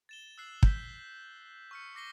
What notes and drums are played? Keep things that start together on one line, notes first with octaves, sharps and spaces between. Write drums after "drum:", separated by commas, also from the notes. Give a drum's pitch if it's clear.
A6 E7 G7
E6 F#6 C7 F#7
G6 B6, drum: kick
C#6 F6 C#7
D6 A#6 C7 G7